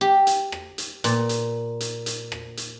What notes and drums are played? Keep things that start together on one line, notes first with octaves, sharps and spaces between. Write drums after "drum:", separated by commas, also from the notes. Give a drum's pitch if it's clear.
G4
drum: hi-hat
drum: rim click
drum: hi-hat
A#2, drum: hi-hat
drum: hi-hat
drum: hi-hat
drum: hi-hat
drum: rim click
drum: hi-hat